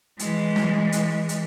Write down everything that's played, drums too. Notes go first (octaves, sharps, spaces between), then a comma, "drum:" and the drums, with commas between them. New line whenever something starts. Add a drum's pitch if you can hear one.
E3 G#3, drum: hi-hat
drum: snare
drum: hi-hat
drum: hi-hat